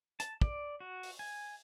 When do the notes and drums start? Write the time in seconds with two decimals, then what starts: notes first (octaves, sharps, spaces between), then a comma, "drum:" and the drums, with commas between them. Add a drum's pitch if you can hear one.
0.20 A5, drum: hi-hat
0.42 D5, drum: kick
0.80 F#4
1.03 drum: open hi-hat
1.19 G#5